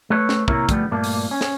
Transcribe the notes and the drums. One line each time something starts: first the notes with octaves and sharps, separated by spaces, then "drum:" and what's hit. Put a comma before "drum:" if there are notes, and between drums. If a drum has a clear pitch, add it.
A3 A4 B4 C#5
drum: snare
C3 A#3 E4 A#4 C#5 A#5, drum: kick
D3 F3 G3 A3 B3, drum: kick, hi-hat
G2 A#2 A3 A#3 D4
drum: open hi-hat
C#4
drum: snare